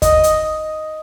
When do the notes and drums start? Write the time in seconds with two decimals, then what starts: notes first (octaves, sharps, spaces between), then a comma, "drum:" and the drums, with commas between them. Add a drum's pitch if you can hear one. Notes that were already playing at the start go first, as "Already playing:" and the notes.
0.02 D#5, drum: kick, hi-hat
0.24 drum: hi-hat